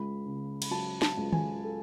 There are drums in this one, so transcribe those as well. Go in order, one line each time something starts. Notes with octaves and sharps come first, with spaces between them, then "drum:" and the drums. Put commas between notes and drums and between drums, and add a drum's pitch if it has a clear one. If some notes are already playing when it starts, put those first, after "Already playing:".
Already playing: C#2 B5
C#3
B5, drum: cymbal
F#3 A5
A5, drum: snare
C#2
G#5, drum: tom D#3
A4